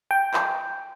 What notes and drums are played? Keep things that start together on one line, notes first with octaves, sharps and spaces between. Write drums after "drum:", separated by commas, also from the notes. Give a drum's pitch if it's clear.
G5
drum: clap